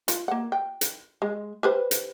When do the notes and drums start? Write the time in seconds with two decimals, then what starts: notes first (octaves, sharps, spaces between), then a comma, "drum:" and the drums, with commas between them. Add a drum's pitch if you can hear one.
0.08 F4, drum: hi-hat
0.28 A#3 F#5
0.52 G5
0.81 drum: hi-hat
1.22 G#3
1.63 G4 B4 C5
1.91 drum: hi-hat